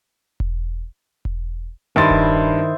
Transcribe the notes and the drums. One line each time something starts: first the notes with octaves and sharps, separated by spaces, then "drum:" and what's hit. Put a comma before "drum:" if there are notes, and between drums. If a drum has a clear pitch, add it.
drum: kick E1
drum: kick E1
G2 D#3 E4 C5 C6 A6
drum: kick E1